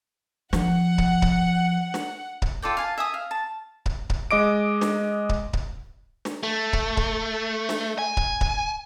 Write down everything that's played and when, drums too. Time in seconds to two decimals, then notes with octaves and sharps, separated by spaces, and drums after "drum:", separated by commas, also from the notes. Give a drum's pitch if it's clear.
0.53 F3 F#5, drum: snare
0.98 drum: kick C#1
1.22 drum: kick C#1
1.94 drum: snare
2.42 drum: kick C#1
2.62 F4 A4 D5 G5
2.77 F5 G#5 A5
2.98 E5 G#5 D#6
3.14 F5
3.31 A5
3.86 drum: kick C#1
4.10 drum: kick C#1
4.31 G#3 D#5 D6 D7
4.81 drum: snare
5.29 drum: kick C#1
5.53 drum: kick C#1
6.25 drum: snare
6.43 A3
6.73 drum: kick C#1
6.97 drum: kick C#1
7.69 drum: snare
7.99 G#5
8.17 drum: kick C#1
8.41 drum: kick C#1